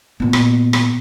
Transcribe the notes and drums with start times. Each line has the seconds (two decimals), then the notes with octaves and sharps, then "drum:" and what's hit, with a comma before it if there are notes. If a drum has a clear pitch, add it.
0.20 A#2 B3
0.33 drum: rim click
0.73 drum: rim click